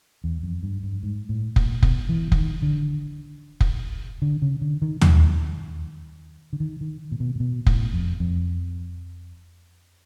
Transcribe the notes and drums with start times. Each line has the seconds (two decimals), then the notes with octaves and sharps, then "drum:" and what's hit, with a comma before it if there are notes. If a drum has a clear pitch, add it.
0.24 E2
0.43 F2
0.63 G2
0.83 G2
1.03 G#2
1.29 A2
1.56 A#2, drum: kick F1
1.83 B2, drum: kick F1
2.09 E3
2.32 E3, drum: kick F1
2.36 D#3
2.62 D3
3.61 drum: kick F1
4.22 D3
4.42 C#3
4.61 D3
4.82 D#3
5.01 D#3, drum: tom D#2
6.53 D3
6.60 D#3
6.81 D#3
7.12 A#2
7.20 B2
7.35 A#2
7.40 B2
7.66 A2, drum: kick F1
7.93 F2
8.20 F2